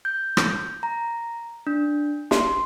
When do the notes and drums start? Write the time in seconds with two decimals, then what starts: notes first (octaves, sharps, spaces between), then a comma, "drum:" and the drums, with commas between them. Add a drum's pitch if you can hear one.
0.05 G6
0.37 drum: rim click
0.83 A#5
1.67 D4
2.31 C6, drum: snare